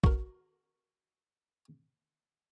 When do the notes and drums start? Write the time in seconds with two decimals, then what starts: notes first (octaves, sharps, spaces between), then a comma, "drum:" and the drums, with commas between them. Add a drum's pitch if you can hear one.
0.04 F#4 A#4, drum: kick